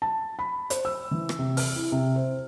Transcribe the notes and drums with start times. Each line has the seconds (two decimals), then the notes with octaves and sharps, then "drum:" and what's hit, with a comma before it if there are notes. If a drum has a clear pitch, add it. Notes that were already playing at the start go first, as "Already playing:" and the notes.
0.02 A5
0.39 B5
0.70 C5, drum: hi-hat
0.85 E6
1.11 E3
1.29 drum: rim click
1.39 C3
1.57 F6, drum: open hi-hat
1.76 E4
1.92 C3
2.16 C5